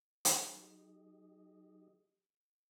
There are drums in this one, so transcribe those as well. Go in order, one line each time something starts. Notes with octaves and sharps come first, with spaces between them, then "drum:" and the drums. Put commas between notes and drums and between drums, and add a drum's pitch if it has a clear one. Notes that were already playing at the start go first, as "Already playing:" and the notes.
F#3 D#4 G4 G#4 D#5, drum: hi-hat